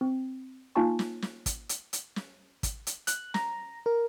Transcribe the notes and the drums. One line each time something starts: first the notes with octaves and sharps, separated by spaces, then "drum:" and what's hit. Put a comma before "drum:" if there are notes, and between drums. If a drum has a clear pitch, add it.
C4
A#3 D#4 F4 G#5 A5 C#6
drum: snare
drum: snare
drum: kick, hi-hat
drum: hi-hat
drum: hi-hat
drum: snare
drum: kick, hi-hat
drum: hi-hat
F#6, drum: hi-hat
A#5, drum: snare
A#4